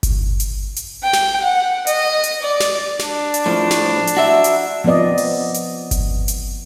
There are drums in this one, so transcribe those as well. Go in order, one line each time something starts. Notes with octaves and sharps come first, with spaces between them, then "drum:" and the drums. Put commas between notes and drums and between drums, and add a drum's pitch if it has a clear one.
drum: kick G1, hi-hat
drum: hi-hat
drum: hi-hat
G5
drum: snare
F#5
D#5, drum: hi-hat
drum: hi-hat
D5
drum: snare
D4, drum: snare
drum: hi-hat
A2 F3
drum: snare
drum: hi-hat
F#4 E5
drum: hi-hat
F3 B3 C4 D5 D#5
drum: open hi-hat
drum: hi-hat
drum: kick G1, hi-hat
drum: hi-hat